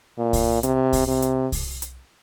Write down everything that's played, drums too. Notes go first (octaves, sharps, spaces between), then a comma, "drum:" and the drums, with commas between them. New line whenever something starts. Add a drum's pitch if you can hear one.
A#2
drum: kick C2, open hi-hat
C3, drum: hi-hat
drum: kick C2, open hi-hat
C3
drum: hi-hat
drum: kick C2, open hi-hat
drum: hi-hat